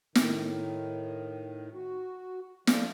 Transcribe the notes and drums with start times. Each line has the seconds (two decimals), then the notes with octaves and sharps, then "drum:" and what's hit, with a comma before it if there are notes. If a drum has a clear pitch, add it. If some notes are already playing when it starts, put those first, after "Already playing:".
0.15 A2 D#3, drum: snare
1.74 F#4
2.67 F3 A3 D4 F4, drum: snare